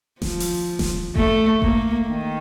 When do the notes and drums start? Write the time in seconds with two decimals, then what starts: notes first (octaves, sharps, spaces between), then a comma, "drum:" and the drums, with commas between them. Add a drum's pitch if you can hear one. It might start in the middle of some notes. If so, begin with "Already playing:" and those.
0.22 F3, drum: snare D#1
0.40 drum: open hi-hat
0.79 drum: snare D#1
1.16 A3, drum: kick F1
1.62 A#3, drum: kick F1
2.09 D#3